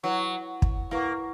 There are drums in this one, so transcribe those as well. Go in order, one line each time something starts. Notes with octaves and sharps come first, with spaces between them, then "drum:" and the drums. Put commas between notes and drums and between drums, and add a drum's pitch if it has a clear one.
F#3 E4 B4 F#5 C#6
drum: kick
A#3 E4 B4 F#5 C#6